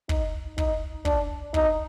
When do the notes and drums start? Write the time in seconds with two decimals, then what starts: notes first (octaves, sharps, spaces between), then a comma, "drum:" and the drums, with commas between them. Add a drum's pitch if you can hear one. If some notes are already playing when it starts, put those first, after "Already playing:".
0.09 D#4, drum: kick
0.58 D#4, drum: kick
1.05 D4, drum: kick
1.54 D#4, drum: kick